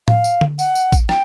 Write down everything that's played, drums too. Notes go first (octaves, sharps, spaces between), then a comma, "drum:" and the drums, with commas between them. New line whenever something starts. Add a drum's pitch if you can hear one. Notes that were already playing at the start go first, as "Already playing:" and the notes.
F5, drum: tom A2
drum: tambourine
drum: tom D3
F#5, drum: tambourine
drum: tambourine
drum: kick, tambourine
G5, drum: rim click